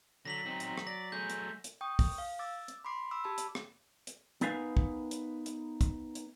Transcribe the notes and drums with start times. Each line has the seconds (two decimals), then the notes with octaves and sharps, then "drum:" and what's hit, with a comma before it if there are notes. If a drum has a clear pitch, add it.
0.25 D3 F#3 A#6 B6 F#7
0.45 C4 D#4
0.60 drum: hi-hat
0.78 drum: rim click
0.87 D5 A#6
1.12 A3 G#4 G6
1.30 drum: hi-hat
1.64 drum: hi-hat
1.81 G5 C#6 D#6
1.99 drum: kick, open hi-hat
2.18 F5
2.39 D6 E6 A6
2.68 drum: hi-hat
2.85 B5 C6 D6 C7
3.11 B5 D6 E6
3.24 G4 A5 B5
3.38 drum: hi-hat
3.55 drum: rim click
4.07 drum: hi-hat
4.41 B3 D#4 A#4 B4 F5 G#5, drum: hi-hat
4.77 drum: kick
5.11 drum: hi-hat
5.46 drum: hi-hat
5.81 drum: kick, hi-hat
6.15 drum: hi-hat